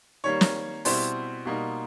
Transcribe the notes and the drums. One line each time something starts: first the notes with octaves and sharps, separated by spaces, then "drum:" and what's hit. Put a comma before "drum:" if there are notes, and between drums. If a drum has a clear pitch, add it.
D#3 G3 A#3 C#5
drum: snare
B2 G3 C4 E4 C5, drum: open hi-hat
B2 G3 A#3 D#4